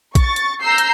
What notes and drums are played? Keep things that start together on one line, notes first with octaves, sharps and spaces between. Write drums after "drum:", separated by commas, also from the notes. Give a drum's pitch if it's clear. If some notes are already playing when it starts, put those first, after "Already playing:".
C#6 A6, drum: kick A#1, hi-hat
drum: hi-hat
A#5 E6 G6 C7
drum: hi-hat